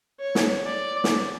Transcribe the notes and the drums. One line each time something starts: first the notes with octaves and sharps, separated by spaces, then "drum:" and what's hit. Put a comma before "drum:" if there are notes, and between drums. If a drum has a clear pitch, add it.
C#5
drum: snare
D5
drum: snare